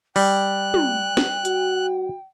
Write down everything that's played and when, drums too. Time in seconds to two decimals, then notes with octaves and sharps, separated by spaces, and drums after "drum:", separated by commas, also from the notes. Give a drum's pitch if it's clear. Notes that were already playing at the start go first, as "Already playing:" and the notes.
0.16 G3 G5 F#6, drum: open hi-hat
0.74 drum: tom
1.17 drum: snare
1.45 F#4, drum: hi-hat